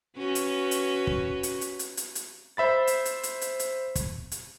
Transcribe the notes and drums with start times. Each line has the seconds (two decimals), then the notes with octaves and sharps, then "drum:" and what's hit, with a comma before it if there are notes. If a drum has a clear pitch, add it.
0.17 C#4 F#4 B4
0.35 drum: hi-hat
0.71 drum: hi-hat
1.07 drum: kick
1.43 drum: hi-hat
1.61 drum: hi-hat
1.79 drum: hi-hat
1.97 drum: hi-hat
2.15 drum: hi-hat
2.57 C5 E5 B5 A6
2.87 drum: hi-hat
3.05 drum: hi-hat
3.23 drum: hi-hat
3.41 drum: hi-hat
3.59 drum: hi-hat
3.95 drum: kick, hi-hat
4.32 drum: hi-hat